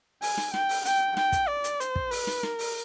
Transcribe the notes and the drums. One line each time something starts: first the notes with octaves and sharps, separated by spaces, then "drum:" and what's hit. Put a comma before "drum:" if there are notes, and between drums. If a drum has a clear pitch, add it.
G#5, drum: open hi-hat
drum: snare
G5, drum: snare
drum: open hi-hat
G5, drum: hi-hat
G5, drum: snare
drum: kick, hi-hat
D5
drum: hi-hat
C5, drum: hi-hat
drum: kick
B4, drum: open hi-hat
drum: snare
A#4, drum: snare
drum: open hi-hat